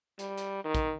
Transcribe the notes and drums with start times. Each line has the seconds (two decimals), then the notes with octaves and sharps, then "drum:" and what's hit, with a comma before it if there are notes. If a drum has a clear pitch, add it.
0.19 G3, drum: hi-hat
0.38 drum: hi-hat
0.64 D#3
0.75 drum: kick, hi-hat